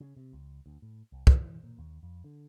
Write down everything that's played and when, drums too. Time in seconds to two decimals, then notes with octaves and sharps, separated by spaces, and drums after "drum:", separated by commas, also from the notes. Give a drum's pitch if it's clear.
0.01 C#3
0.17 C3
0.33 C#2
0.66 D2
0.82 A2
1.12 C2
1.27 A2, drum: kick
1.41 E3
1.63 A#2
1.78 D#2
2.03 F2
2.24 D3